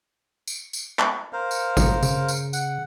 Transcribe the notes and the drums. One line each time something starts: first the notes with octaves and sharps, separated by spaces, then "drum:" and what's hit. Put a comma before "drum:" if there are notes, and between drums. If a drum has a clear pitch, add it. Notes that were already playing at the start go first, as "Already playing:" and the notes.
drum: tambourine
drum: tambourine
drum: clap
A#4 C5 F5
drum: tambourine
drum: kick G#1, tambourine
C#3, drum: tambourine
drum: tambourine
F#5, drum: tambourine